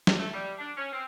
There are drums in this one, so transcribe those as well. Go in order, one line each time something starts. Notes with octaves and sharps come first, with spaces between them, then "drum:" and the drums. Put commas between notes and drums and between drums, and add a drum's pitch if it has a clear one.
drum: snare
A3
G3
D4
C#4
C4